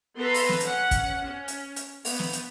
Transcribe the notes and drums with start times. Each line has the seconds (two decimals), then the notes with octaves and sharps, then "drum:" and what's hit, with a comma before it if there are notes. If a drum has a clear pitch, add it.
0.16 B3 A4 B4 A#5 C6
0.34 drum: open hi-hat
0.49 drum: snare
0.60 C#4 F#5, drum: hi-hat
0.91 drum: kick, hi-hat
1.24 C#4
1.48 drum: hi-hat
1.76 drum: hi-hat
2.05 B3, drum: open hi-hat
2.19 drum: snare
2.33 drum: hi-hat